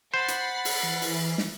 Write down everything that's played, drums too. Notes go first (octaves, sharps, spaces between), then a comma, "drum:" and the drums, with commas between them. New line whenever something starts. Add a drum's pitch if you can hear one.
C5 F#5 B5 A6 C7
drum: hi-hat
drum: open hi-hat
E3
drum: open hi-hat
drum: snare